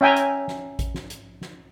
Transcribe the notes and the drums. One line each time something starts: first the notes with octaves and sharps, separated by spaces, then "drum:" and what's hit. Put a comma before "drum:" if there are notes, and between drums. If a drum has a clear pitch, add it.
C#4 E5 G5 G#5 A#5
drum: hi-hat
drum: snare
drum: kick A1, hi-hat
drum: snare
drum: hi-hat
drum: snare